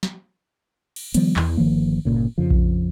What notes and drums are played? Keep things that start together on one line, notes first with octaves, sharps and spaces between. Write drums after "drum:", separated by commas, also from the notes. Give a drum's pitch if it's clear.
drum: snare
drum: cymbal
D#3 F3 G3 B3, drum: hi-hat
E2 E3, drum: clap
G1 D#3 F3 A#3
G1 C2 A#2 C#3
F2 C#3 F3
drum: kick A#1